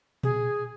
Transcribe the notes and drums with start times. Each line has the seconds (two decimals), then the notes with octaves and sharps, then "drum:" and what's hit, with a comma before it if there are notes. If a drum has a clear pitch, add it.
0.23 G#4, drum: tom A#2